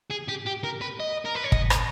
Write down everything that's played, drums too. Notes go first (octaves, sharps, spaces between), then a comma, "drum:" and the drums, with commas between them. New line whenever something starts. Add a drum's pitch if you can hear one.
G#4
G4
G4
A#4
B4
D#5
A#4
B4
C#5
D#5, drum: kick
drum: rim click